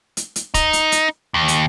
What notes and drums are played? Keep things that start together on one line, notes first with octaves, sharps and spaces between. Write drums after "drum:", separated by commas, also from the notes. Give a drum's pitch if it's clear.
drum: hi-hat
drum: hi-hat
D#4, drum: kick, hi-hat
drum: hi-hat
drum: hi-hat
D#2
drum: hi-hat